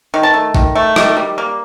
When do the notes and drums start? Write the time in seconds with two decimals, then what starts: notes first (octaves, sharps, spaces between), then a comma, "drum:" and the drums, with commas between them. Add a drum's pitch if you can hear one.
0.14 D#3
0.23 A5
0.34 A3
0.55 D#3, drum: kick
0.75 A3
0.96 D#3, drum: rim click
1.17 G3
1.38 A#3